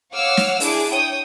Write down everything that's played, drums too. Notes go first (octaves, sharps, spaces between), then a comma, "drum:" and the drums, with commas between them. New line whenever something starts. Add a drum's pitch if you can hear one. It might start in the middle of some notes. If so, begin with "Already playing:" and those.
C#5 F5 F#5 D6 E6 F6
drum: snare
D4 E4 G#4 D6 D7, drum: open hi-hat
C#5 G5 D#6